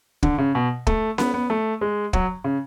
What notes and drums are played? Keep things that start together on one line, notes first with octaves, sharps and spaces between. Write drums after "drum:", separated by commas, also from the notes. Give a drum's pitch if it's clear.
D3, drum: kick
C#3
B2
A3, drum: kick
B3, drum: snare C#4
B3
A3
G#3
F#3, drum: kick
C#3